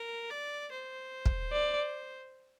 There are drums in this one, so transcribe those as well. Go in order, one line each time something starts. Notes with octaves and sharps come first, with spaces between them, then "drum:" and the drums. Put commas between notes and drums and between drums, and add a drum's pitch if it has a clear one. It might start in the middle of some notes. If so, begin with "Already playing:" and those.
Already playing: A#4
D5
C5
drum: kick
D5